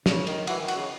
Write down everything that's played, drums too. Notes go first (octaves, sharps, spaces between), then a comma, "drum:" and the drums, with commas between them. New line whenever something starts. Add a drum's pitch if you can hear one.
C#3, drum: snare
D#3, drum: cymbal
E3 F#4, drum: cymbal
D#3
F#4, drum: cymbal
C#3